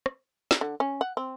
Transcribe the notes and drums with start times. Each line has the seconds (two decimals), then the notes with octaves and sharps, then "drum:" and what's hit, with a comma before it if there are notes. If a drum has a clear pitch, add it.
0.06 drum: rim click
0.51 drum: snare
0.61 D3
0.80 C#4
1.01 F#5
1.17 C4